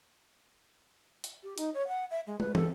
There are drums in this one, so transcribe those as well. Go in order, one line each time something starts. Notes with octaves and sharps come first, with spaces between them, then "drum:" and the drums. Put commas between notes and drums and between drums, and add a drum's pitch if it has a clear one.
drum: hi-hat
G4
D#4, drum: hi-hat
C#5
F#5
E5
G#3
B4, drum: tom
A4, drum: tom